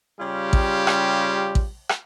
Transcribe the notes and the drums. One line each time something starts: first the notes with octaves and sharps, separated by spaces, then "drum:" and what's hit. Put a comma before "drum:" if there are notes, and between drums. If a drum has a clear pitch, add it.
C#3 G3 F4 G4
drum: kick A1
drum: rim click
drum: kick A1
drum: rim click